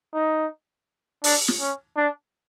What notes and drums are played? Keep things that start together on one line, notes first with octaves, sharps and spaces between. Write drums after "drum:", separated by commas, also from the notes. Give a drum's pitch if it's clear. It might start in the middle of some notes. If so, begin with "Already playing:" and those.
D#4
D4, drum: open hi-hat
drum: snare
C#4
D4